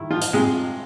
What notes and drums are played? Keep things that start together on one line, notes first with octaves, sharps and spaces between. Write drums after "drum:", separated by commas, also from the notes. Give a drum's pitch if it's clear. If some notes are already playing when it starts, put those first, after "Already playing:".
Already playing: D#3 E4
F3 F4
drum: hi-hat
C3 G#3 G#4